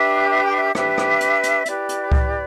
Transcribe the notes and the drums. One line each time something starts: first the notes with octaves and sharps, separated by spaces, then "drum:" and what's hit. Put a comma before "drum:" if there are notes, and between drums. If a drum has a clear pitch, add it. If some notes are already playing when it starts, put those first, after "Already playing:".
Already playing: D4 G4 B4 E5
E5
G5
E5
D4 G4 B4 E5, drum: rim click
drum: rim click
drum: hi-hat
drum: hi-hat
E4 G4 B4 D5, drum: hi-hat
drum: hi-hat
drum: kick C#2